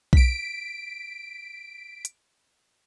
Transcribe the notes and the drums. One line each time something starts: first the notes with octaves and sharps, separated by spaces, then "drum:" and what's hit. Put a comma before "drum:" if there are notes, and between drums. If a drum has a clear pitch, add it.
B6 D7, drum: kick B1
drum: hi-hat